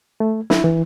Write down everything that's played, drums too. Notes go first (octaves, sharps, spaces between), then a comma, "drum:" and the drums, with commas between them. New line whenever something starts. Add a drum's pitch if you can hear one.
A3
E4, drum: snare
E3